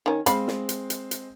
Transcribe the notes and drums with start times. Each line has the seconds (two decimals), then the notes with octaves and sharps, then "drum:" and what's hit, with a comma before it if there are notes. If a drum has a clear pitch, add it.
0.06 D#3 C#4
0.26 G#3 C4 F5 B5, drum: hi-hat
0.47 drum: snare
0.69 drum: hi-hat
0.90 drum: hi-hat
1.11 drum: hi-hat